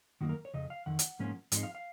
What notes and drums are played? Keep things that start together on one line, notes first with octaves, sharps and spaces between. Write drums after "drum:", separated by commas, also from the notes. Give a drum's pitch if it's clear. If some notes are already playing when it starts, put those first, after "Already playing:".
F#2 D#3 A#3 F#4
A#4
C#5
F2 C#3 D#5
F5
F2 D#3 F#5
drum: hi-hat
G#2 F3 A#3 C#4
G#2 F3 G#3 C4 D#4, drum: hi-hat
F5
F5